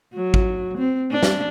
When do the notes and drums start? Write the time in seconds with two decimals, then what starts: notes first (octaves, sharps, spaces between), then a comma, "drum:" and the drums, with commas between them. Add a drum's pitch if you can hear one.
0.14 F#3
0.34 drum: kick G#1
0.78 C4
1.11 D4
1.23 drum: snare